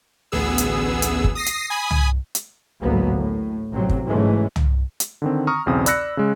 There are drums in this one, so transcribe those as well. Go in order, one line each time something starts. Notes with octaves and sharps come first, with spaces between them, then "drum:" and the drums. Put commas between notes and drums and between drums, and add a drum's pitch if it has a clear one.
A1 D2 B3 G#4 E6
drum: hi-hat
drum: hi-hat
drum: kick
D#6 A#6 C7
drum: hi-hat
G#5 B5 D#6
drum: tom
drum: hi-hat
A1 D2 G#2 F#3 A#3 B3
A2
A1 C3 F#3 C4
drum: kick
G#2 E3 F#3 G#3 A3 C#4
drum: tom
drum: hi-hat
D3 D#3 C4
A#5 C#6 D#6 F6
B1 E2 C#3 C4 D#6
D5 B5 E6 F#6 A#6 C#7, drum: hi-hat
C#3 G#3